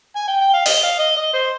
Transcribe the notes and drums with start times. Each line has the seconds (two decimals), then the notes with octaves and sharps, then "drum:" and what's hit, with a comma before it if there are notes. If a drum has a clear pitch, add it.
0.16 G#5
0.28 G5
0.41 G5
0.54 F5
0.66 D#5, drum: open hi-hat
0.83 F5
0.99 D#5
1.17 D#5
1.33 C5